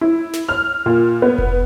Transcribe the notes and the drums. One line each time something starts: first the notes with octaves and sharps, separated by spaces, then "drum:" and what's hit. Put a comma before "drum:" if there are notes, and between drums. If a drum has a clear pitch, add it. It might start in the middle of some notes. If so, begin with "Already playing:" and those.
E4
drum: snare
F6
A#2
B3
drum: kick F1